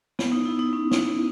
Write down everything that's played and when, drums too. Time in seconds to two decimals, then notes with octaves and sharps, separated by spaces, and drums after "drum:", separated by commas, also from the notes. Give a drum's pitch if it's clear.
0.19 B3, drum: snare
0.32 D#4
0.46 E4
0.59 D#4
0.73 C#4
0.91 drum: snare